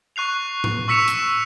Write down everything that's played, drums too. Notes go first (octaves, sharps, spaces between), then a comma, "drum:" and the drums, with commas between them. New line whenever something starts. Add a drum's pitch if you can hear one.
C#6 F#6 C7 F7
drum: tom A2
C#6 E6 B6 C#7 E7 F7
drum: hi-hat